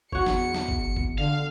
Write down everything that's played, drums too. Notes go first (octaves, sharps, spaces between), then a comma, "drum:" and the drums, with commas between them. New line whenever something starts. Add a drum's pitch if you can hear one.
E2 F#4 C#5 C#7, drum: kick
drum: snare
drum: snare
drum: kick
drum: kick
D3 F5